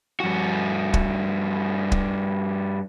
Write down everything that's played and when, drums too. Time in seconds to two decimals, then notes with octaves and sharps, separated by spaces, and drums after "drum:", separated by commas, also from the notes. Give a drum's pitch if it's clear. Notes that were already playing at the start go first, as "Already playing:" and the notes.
0.20 G2 F#4
0.94 drum: kick
1.92 drum: kick